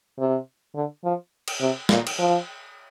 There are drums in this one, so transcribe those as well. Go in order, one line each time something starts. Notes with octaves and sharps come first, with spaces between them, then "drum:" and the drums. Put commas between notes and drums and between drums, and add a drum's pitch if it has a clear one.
C3
D3
F3
drum: cymbal
C3
A#2, drum: snare
drum: cymbal
F3